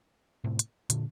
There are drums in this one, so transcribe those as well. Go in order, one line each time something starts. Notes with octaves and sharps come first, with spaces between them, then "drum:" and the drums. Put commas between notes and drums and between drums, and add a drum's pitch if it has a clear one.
A2 C3
drum: hi-hat
A#2 D3, drum: hi-hat